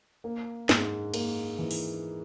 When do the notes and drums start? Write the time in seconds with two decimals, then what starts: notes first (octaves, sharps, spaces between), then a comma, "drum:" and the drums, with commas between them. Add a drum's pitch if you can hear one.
0.24 A#3
0.69 G#2, drum: snare
1.14 A#3, drum: cymbal
1.59 E3
1.71 drum: open hi-hat